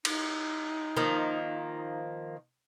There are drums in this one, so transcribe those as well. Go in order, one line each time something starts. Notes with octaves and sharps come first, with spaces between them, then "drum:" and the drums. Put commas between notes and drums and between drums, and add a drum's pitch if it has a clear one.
D#4, drum: cymbal
D#3 F3 A#3